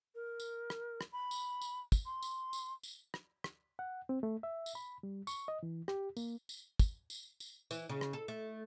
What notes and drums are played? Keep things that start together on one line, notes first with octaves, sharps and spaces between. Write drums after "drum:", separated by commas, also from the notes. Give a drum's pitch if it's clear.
A#4
drum: tambourine
drum: rim click
drum: rim click
B5
drum: tambourine
drum: tambourine
drum: kick, tambourine
C6
drum: tambourine
drum: tambourine
drum: tambourine
drum: rim click
drum: rim click
F#5
C4
A3
E5
drum: tambourine
B5
G3
C#6, drum: tambourine
D#5
E3
G4, drum: rim click
A#3, drum: tambourine
drum: tambourine
drum: kick, tambourine
drum: tambourine
drum: tambourine
E3, drum: tambourine
C#3
drum: rim click
A4
A3